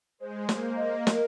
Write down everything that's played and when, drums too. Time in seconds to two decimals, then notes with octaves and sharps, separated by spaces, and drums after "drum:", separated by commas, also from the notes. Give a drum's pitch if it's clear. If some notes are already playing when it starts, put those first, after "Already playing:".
0.20 G#3 C5
0.49 A#3 C5, drum: snare
0.77 A#3 D#5
1.07 A#4, drum: snare